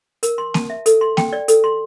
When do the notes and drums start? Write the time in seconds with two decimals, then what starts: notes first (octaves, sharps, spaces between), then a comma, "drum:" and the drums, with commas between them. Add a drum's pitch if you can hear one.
0.23 A#4, drum: hi-hat
0.38 C6
0.54 A5, drum: snare A#3
0.70 E5
0.86 A4, drum: hi-hat
1.01 C6
1.17 G5, drum: snare A#3
1.33 D5
1.48 A4, drum: hi-hat
1.64 C6